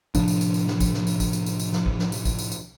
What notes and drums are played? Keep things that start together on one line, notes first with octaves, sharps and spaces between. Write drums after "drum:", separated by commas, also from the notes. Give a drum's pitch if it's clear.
A2 C3 F3 D4, drum: kick, tambourine
drum: tambourine
drum: tambourine
drum: tambourine
drum: snare
drum: kick, tambourine
drum: snare
drum: tambourine
drum: kick, tambourine
drum: tambourine
drum: tambourine
drum: tambourine
drum: snare
drum: kick
drum: snare
drum: tambourine
drum: kick, tambourine
drum: tambourine
drum: tambourine